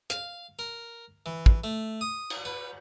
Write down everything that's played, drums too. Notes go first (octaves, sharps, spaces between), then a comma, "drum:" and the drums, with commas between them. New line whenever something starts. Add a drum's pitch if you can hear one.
F5, drum: hi-hat
A#4
E3
drum: kick
A3
D#6
drum: cymbal
B4